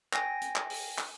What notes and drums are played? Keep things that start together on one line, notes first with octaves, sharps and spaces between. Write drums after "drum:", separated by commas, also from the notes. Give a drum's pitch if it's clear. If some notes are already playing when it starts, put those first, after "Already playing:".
G5 G#5 A#6, drum: clap
drum: hi-hat
drum: clap
drum: open hi-hat
drum: clap